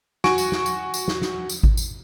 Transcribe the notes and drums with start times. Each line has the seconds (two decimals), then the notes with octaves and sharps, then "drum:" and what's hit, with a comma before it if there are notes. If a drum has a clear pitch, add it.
0.24 F#4 G#5 C#6 D7, drum: snare
0.38 drum: tambourine
0.52 drum: snare
0.66 drum: tambourine
0.94 drum: tambourine
1.08 drum: snare
1.22 drum: snare
1.50 drum: tambourine
1.63 drum: kick G#1
1.77 drum: tambourine